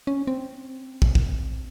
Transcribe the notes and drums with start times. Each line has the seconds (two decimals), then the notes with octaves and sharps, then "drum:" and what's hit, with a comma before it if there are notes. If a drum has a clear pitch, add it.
0.07 C#4
0.27 C4
1.02 drum: kick
1.15 drum: kick